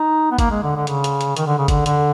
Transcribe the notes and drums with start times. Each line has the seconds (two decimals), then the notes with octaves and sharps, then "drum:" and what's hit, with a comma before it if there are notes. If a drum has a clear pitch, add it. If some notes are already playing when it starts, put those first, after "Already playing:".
Already playing: D#4
0.31 B3
0.39 A#3, drum: kick G#1, hi-hat
0.51 G#3
0.63 D3
0.76 D3
0.87 C#3, drum: hi-hat
1.04 drum: hi-hat
1.21 drum: hi-hat
1.36 D#3, drum: hi-hat
1.47 D3
1.58 C#3
1.68 D3, drum: kick G#1, hi-hat
1.86 D3, drum: hi-hat